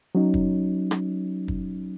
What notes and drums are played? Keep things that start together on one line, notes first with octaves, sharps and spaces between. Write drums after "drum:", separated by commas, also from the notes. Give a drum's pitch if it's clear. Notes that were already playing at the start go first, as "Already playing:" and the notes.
F#3 C#4 D#4
drum: kick
drum: rim click
drum: kick